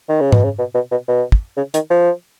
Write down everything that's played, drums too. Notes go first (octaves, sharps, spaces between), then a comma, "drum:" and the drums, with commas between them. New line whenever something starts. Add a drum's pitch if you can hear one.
D#3
C#3
B2, drum: tom G#2
C#3
B2
B2
B2
B2
drum: kick
C#3
D#3, drum: hi-hat
F3